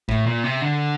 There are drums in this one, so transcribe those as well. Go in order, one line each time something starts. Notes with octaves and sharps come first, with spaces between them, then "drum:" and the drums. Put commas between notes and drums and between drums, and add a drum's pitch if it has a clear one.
A2, drum: kick A1
A#2
C3
D3